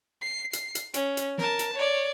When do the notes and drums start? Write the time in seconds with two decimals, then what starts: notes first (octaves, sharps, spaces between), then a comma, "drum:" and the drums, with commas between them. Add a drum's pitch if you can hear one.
0.22 C7
0.53 C7, drum: hi-hat
0.75 drum: hi-hat
0.94 C#4, drum: hi-hat
1.17 drum: hi-hat
1.38 A#4 A5, drum: snare
1.59 drum: hi-hat
1.74 C#5 D5